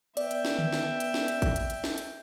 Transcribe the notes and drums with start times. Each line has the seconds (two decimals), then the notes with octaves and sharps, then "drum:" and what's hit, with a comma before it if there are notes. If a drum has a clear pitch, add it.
0.17 B3 D5 E5 G5, drum: hi-hat
0.31 drum: hi-hat
0.45 drum: snare
0.59 drum: tom D3
0.72 drum: snare
1.00 drum: hi-hat
1.14 drum: snare
1.28 drum: hi-hat
1.42 drum: kick, hi-hat
1.56 drum: hi-hat
1.70 drum: hi-hat
1.84 drum: snare
1.98 drum: hi-hat